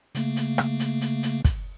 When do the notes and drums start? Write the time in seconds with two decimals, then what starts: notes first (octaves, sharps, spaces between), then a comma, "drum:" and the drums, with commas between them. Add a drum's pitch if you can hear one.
0.15 C#3 A3 A#3, drum: hi-hat
0.36 drum: hi-hat
0.58 drum: rim click
0.80 drum: hi-hat
1.01 drum: hi-hat
1.23 drum: hi-hat
1.45 drum: kick, hi-hat